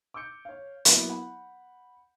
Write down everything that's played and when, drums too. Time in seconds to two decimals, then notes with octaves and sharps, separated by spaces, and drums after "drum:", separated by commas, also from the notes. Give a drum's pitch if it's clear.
0.14 D6 E6 G6 C#7
0.45 C#5 F5
0.85 F#3 A#3 B3 E4, drum: hi-hat
1.10 F#5 B5